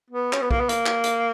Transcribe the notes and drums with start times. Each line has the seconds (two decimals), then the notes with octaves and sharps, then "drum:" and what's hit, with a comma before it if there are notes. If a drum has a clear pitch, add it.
0.10 B3
0.33 C#4, drum: clap
0.42 B3
0.51 A#3, drum: kick B1
0.60 B3
0.69 A#3, drum: hi-hat
0.86 drum: clap
1.04 drum: hi-hat